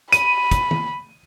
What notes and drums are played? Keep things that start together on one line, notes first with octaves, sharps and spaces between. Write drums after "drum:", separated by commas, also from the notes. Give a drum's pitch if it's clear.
B5 D#7, drum: hi-hat
drum: kick, hi-hat
drum: tom D#3